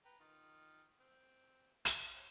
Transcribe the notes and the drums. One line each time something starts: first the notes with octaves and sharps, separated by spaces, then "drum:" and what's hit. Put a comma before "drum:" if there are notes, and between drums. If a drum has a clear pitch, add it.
B4 G5 A#5
D#3 F4
C4
E5, drum: hi-hat
C#4 C5 F#5